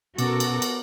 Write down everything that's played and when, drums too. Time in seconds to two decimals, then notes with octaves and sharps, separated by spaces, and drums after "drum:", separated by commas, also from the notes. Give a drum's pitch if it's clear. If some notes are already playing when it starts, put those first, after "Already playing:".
0.18 B2 B3 C#4 F#4 A4 A#4 D6, drum: cymbal
0.40 drum: cymbal
0.62 drum: cymbal